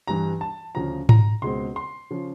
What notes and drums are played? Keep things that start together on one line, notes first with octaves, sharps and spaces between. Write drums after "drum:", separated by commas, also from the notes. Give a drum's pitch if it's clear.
G2 E3 G3 A#5
A5
D2 C#3 F3 A#5
A#5, drum: tom G#2
C#2 B2 G#3 C4 C6
C6
C#3 F3